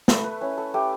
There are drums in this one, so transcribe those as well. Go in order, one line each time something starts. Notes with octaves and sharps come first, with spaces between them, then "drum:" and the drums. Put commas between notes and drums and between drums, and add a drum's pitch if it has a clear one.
A3 B4, drum: snare
B4
C#4 E4
A4
A3 G4